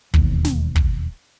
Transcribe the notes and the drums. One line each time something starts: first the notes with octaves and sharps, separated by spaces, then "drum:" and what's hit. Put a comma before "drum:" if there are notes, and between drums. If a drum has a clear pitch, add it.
E1 D#2, drum: kick
drum: snare
drum: kick